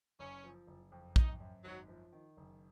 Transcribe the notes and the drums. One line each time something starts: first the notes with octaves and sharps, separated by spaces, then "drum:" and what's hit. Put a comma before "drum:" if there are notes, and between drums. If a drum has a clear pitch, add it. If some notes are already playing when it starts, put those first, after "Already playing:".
F#1 C#4
F3
F#1
F2
F#2 D#4, drum: kick A#1
F#2
G#1 F#3
F3
D#3
F#1